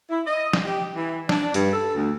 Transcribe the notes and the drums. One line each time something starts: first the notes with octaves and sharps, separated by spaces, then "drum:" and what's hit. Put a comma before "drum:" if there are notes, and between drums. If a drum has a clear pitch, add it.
E4
D#5
drum: snare
G4
E3
D4, drum: snare
G2, drum: hi-hat
A4
D2